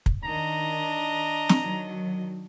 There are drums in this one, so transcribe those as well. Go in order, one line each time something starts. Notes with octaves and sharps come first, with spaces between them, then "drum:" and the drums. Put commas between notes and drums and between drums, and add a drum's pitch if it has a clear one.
drum: kick
D#3 D4 D#5 A#5
drum: snare
D#3 F#3